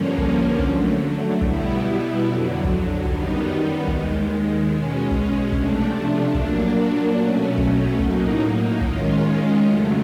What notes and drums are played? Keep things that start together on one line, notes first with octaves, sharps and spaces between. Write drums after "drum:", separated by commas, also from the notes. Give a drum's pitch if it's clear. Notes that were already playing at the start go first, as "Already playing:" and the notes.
Already playing: G2 D3 F3 A#3 C#4
drum: kick
D3 F#3 A3, drum: kick
B2 G3 B3 E4, drum: kick
F2 D3 F#3
drum: kick
F#2 D#3 G3 B3 D#4, drum: kick
D#2 D#3 G#3, drum: kick
B2 G#3 C#4
drum: kick
C3 F3 A3 D4, drum: kick
A#2 F#3 A#3 D4, drum: kick
B2 F#3 A3 C#4
drum: kick
A2 F#3 A#3 D#4, drum: kick
D#3 G#3 C#4 F4, drum: kick
F2 C#3 F#3 A3